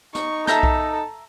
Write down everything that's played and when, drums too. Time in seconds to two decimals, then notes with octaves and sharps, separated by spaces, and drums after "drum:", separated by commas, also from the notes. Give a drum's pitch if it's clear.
0.15 D#4 C#6, drum: snare
0.47 A4 E5 A#5 G6, drum: snare
0.63 drum: kick B1